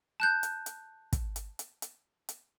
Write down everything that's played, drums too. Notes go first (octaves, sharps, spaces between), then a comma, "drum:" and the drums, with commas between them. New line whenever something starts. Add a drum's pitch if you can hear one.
A5 F#6 G6
drum: hi-hat
drum: hi-hat
drum: kick, hi-hat
drum: hi-hat
drum: hi-hat
drum: hi-hat
drum: hi-hat